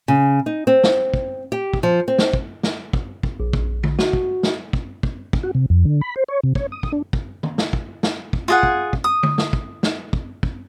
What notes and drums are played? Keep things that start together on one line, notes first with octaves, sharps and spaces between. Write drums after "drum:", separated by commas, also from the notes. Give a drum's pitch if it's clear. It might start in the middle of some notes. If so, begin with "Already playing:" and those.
C#3
D#4
C4
drum: snare
drum: kick
G4
drum: kick
F3
C4
drum: snare
drum: kick
drum: snare
drum: kick
drum: kick
A#1
drum: kick
drum: tom D3
F#4, drum: snare
drum: kick
drum: snare
drum: kick
drum: kick
drum: kick
F#4
C3
F2
D3
B5
C5
C#5
C3
C#5, drum: kick
D#6
drum: kick
D4
drum: kick
drum: tom D#3
drum: snare
drum: kick
drum: snare
drum: kick
F4 G#4 F#5
drum: kick
drum: kick
D#6
drum: tom D3
drum: snare
drum: kick
drum: snare
drum: kick
drum: kick